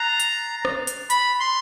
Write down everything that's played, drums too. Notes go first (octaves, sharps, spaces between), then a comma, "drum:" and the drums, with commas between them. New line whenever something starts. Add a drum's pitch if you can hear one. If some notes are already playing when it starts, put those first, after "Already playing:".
Already playing: A#5 F#6 A6 C7 F7
drum: hi-hat
drum: rim click
drum: hi-hat
B5, drum: hi-hat
C6